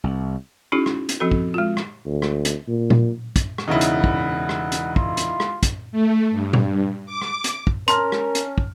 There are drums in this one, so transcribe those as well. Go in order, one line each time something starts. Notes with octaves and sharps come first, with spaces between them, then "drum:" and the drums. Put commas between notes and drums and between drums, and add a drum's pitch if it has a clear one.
C2
C#4 D#4 E4 F#4 G#4
drum: rim click
drum: hi-hat
F3 C4 F#4 A4
drum: kick
G#3 F4
drum: rim click
D2
drum: rim click
drum: hi-hat
A#2
drum: tom A#2
drum: kick, hi-hat
drum: rim click
E1 C#3 D#4 E4 F#5
drum: hi-hat
drum: kick
drum: rim click
drum: hi-hat
F4, drum: kick
drum: hi-hat
drum: rim click
drum: kick, hi-hat
A3
G2
drum: tom
D6
drum: rim click
drum: hi-hat
drum: kick
C#4 A#4 A5 A#5 C6 F6, drum: hi-hat
drum: rim click
drum: hi-hat
drum: kick